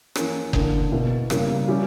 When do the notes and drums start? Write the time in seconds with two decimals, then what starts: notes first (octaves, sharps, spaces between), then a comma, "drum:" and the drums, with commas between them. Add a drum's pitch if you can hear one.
0.15 E3 A#3 C#4, drum: rim click
0.53 D3 A#3 D4, drum: kick F#1
0.92 B2 A#3 E4
1.30 C#3 G3 A#3 E4, drum: rim click
1.68 G3 C#4 E4 G4